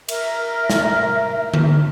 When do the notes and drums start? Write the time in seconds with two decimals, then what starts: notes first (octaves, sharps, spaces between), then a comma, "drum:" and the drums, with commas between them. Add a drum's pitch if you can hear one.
0.09 A#4 E5, drum: cymbal
0.70 drum: snare
1.54 drum: tom D3